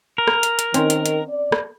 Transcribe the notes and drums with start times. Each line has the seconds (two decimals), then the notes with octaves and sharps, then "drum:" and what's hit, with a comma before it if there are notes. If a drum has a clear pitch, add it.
0.18 A#4
0.27 drum: rim click
0.43 drum: hi-hat
0.59 drum: hi-hat
0.74 D#3 C4 C#4 C5, drum: hi-hat
0.90 drum: hi-hat
1.06 drum: hi-hat
1.29 D5
1.52 drum: rim click